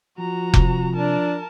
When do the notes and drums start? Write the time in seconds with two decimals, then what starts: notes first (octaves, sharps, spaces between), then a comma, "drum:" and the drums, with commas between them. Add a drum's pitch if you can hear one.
0.19 F3 F#4 A#5
0.54 C3, drum: kick F1
0.96 D4 A#4 A5